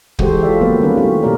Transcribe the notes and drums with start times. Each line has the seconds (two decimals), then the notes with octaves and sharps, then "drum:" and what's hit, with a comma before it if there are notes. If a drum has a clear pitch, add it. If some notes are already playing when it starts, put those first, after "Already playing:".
0.19 E3 G#3 F#4 G4 A4 C5, drum: kick
0.43 F4 A4 D5 E5
0.61 F#3 A#3 B3 B4 C5
0.80 D#3 G3 C#4 B4
0.97 F#3 A3 C4 E4 F#4
1.22 B2 A#3 G4 A#4 D5